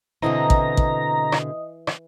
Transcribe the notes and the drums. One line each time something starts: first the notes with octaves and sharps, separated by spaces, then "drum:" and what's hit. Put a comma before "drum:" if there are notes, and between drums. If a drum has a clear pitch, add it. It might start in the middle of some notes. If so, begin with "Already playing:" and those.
B2 D3 E3 C4 D#5 A#5 D#6
drum: kick
drum: kick
drum: rim click
drum: rim click